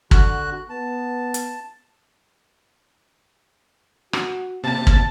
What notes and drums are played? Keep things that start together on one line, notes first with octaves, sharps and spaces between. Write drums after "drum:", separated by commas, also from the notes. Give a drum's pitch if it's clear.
D3 F#4 F#6, drum: kick
B3 A5
drum: hi-hat
F#4, drum: rim click
C3 A#3 A5
drum: kick